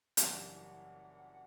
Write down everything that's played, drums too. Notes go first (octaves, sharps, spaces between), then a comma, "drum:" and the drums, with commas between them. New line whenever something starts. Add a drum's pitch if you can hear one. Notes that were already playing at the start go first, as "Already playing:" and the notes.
F#1 F#2 E3 G3 D4 F#5, drum: hi-hat